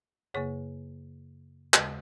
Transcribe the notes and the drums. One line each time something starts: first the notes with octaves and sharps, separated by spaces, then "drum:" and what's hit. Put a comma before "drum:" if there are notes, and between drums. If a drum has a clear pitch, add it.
F#2 C#3 A#3 G#4 C#5
D#2 C#3 G#3, drum: clap